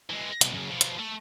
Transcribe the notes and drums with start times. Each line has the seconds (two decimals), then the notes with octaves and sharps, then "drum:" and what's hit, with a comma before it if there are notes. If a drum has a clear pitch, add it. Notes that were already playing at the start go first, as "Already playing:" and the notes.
0.10 E3 G#3
0.41 C2 B2, drum: hi-hat
0.54 F#2 C#3
0.71 B2 F3
0.81 drum: hi-hat
0.99 A3